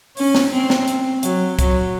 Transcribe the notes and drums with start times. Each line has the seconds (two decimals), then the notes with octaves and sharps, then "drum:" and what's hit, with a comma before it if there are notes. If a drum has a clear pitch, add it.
0.17 C#4, drum: open hi-hat
0.35 drum: snare
0.53 C4
0.70 drum: snare
0.88 drum: hi-hat
1.23 F#3, drum: hi-hat
1.59 F#3, drum: kick, hi-hat